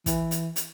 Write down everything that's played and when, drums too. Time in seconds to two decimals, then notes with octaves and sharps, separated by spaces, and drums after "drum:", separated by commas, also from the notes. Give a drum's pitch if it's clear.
0.06 E3, drum: kick, hi-hat
0.31 drum: hi-hat
0.56 drum: hi-hat